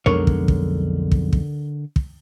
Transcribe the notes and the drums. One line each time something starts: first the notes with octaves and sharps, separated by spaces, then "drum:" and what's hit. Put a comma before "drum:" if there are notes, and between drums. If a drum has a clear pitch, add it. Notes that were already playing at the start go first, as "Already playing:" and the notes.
B1 F2 D3 G#3 A#4 C#5
drum: kick
drum: kick
drum: kick
drum: kick
drum: kick